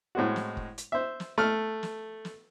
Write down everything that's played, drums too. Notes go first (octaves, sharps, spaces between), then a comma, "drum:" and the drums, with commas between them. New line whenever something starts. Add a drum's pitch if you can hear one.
A2 G#3 C4 F#4
drum: snare
drum: kick F#1
drum: hi-hat
C5 E5
drum: snare
A3 F6
drum: snare
drum: snare